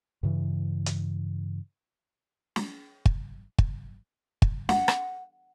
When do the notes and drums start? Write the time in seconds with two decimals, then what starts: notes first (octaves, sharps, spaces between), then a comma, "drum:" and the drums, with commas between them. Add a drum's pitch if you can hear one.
0.23 G2 C#3 E3
0.86 drum: hi-hat
2.56 drum: snare
3.06 drum: kick
3.58 drum: kick
4.42 drum: kick
4.69 F#5, drum: snare
4.88 drum: rim click